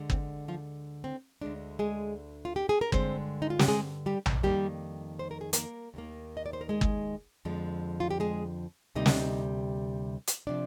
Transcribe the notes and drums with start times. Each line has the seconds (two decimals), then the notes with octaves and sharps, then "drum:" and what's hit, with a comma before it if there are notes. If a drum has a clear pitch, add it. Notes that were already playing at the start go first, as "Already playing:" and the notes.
Already playing: D2 D3 G#3
0.10 C4, drum: kick
0.48 F3 F4
1.04 C4
1.41 D2 D3 G#3 D4
1.79 G#3 G#4
2.45 F4
2.56 G4
2.69 G#4
2.81 A#4
2.92 G2 D3 G#3 C4 C5, drum: kick
3.42 D#4
3.50 F4
3.59 G4, drum: snare
3.68 G#3 G#4
4.06 G3 G4
4.26 drum: tom A#1
4.43 F2 D#3 G3 A#3 G4
5.19 C5
5.31 A#4
5.41 G#4
5.53 A#3 A#4, drum: hi-hat
5.94 D#2 D#3 A#3
6.37 D#5
6.46 D5
6.53 C5
6.61 A#4
6.69 G#3 G#4
6.81 drum: kick
7.45 F2 D3 F3 G#3
8.00 F4
8.11 G4
8.20 G#3 G#4
8.95 D2 C3 G3 A#3 D#4 D#5
9.06 drum: snare
10.28 drum: hi-hat
10.47 C3 F3 D4 D5